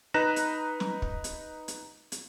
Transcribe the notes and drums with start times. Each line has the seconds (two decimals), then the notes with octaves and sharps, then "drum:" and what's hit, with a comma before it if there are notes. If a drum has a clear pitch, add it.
0.14 D#4 B4 A#5 F#6 A#6 E7
0.36 drum: hi-hat
0.80 drum: snare
1.02 drum: kick
1.24 drum: hi-hat
1.68 drum: hi-hat
2.12 drum: hi-hat